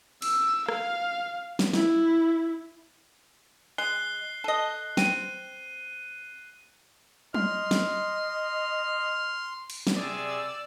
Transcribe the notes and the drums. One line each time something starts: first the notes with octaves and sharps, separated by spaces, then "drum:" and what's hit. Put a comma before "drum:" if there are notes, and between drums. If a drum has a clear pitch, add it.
E6, drum: cymbal
F5, drum: rim click
drum: snare
E4, drum: snare
G#3 F#6 C7 G7
A4 D#5
C4 D#7, drum: snare
D#5 C6 F6, drum: tom F#3
drum: snare
drum: cymbal
drum: snare
C3 G#4 D5 E6